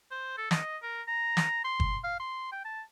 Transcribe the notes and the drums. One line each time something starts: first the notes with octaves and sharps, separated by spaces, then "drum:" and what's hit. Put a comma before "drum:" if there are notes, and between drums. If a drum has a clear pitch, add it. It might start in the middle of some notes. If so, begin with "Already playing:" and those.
C5
A4
D#5, drum: snare
A#4
A#5
drum: snare
C6
drum: kick
F5
C6
G5
A5